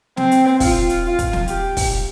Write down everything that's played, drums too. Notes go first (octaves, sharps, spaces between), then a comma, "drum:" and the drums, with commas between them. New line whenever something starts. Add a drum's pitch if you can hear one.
C4, drum: snare
drum: hi-hat
F4, drum: kick, open hi-hat
drum: hi-hat
F4
drum: kick, hi-hat
drum: snare
G4, drum: hi-hat
drum: kick, open hi-hat